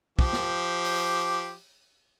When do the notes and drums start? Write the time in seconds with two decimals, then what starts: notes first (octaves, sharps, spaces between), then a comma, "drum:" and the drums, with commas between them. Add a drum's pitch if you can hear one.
0.19 F3 G4, drum: kick
0.33 drum: snare
0.84 drum: open hi-hat